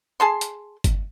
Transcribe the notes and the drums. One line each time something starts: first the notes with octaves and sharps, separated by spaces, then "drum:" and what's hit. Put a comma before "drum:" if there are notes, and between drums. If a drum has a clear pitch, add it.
G#4 A5 C6
drum: hi-hat
drum: kick G1, hi-hat